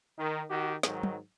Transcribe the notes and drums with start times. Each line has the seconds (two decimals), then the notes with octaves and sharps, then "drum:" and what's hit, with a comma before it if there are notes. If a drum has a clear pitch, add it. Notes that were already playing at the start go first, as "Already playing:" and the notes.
0.18 D#3
0.49 D#3 F#4 G4
0.83 G#2 D#3 F#3, drum: snare
1.03 drum: tom